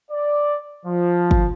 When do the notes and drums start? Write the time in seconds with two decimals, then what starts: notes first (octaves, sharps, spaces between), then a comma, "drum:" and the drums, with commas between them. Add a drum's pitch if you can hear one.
0.11 D5
0.86 F3
1.31 drum: kick G1